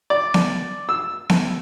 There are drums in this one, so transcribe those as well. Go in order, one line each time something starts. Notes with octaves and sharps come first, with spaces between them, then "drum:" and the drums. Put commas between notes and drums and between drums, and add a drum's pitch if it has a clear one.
D5
drum: snare B3
E6
drum: snare B3